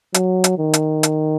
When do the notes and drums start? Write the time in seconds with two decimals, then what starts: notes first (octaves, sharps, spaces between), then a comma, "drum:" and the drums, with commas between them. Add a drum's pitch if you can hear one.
0.14 F#3, drum: hi-hat
0.44 drum: hi-hat
0.59 D#3
0.73 drum: hi-hat
1.03 drum: hi-hat